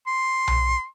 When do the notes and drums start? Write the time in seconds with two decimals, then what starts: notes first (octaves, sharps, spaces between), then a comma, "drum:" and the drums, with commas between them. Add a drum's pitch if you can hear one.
0.07 C6
0.48 drum: tom B1